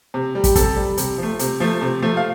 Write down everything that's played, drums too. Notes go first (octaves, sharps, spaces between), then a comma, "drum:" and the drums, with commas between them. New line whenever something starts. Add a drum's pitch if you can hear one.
C3
G3
G4, drum: kick, hi-hat
C3 A4, drum: kick, hi-hat
G3
C3, drum: hi-hat
F3 A3
C3, drum: hi-hat
F3 A3
C3
F3 A3
F5